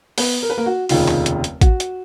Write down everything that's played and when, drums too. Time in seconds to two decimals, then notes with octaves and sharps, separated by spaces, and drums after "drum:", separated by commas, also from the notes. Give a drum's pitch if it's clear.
0.18 B3 B4, drum: open hi-hat
0.43 A#4
0.50 B4
0.58 A#3 A#4
0.66 F#4
0.89 F1 D#2 C#3 F4, drum: open hi-hat
1.08 drum: clap
1.26 drum: hi-hat
1.44 drum: hi-hat
1.61 F#4, drum: kick A1, hi-hat
1.80 drum: hi-hat